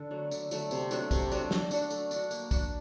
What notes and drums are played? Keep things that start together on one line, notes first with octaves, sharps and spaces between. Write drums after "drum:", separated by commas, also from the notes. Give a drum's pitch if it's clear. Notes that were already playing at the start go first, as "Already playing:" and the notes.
Already playing: D3 D4 A4
F#3 A3
D3, drum: tambourine
F#3 A3, drum: tambourine
C3, drum: tambourine
F#3 A3 D4, drum: tambourine
C3, drum: kick, tambourine
F#3 A3 D4, drum: tambourine
A3, drum: snare
D4 F#4, drum: tambourine
A3, drum: tambourine
D4, drum: tambourine
F#4
A#3, drum: tambourine
D4 F#4, drum: kick, tambourine